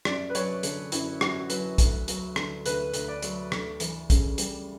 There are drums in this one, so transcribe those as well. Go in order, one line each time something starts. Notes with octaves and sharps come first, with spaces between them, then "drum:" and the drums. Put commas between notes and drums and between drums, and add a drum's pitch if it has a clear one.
F#2 D5, drum: rim click
B4
F#3 C#5, drum: hi-hat
D3, drum: hi-hat
F#2 E4, drum: hi-hat
F#2 F#4, drum: rim click
F#3 B4, drum: hi-hat
D2, drum: kick, hi-hat
F#3, drum: hi-hat
D3, drum: rim click
D2 B4, drum: hi-hat
D2, drum: hi-hat
D5
F#3, drum: hi-hat
D2, drum: rim click
E3, drum: hi-hat
C#3, drum: kick, hi-hat
G3, drum: hi-hat